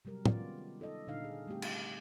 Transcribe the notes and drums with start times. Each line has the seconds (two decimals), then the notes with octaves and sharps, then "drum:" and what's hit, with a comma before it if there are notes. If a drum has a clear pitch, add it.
0.05 C3 F#3 G3 A#4
0.26 D#3 G#3 B3 C#4 F4 D5, drum: tom
0.80 D#4 A4 D5 D#5
1.07 A#2 D3 D4 D#4 F5
1.24 A#2 G#4
1.47 G3 A3 C4 G4
1.62 drum: cymbal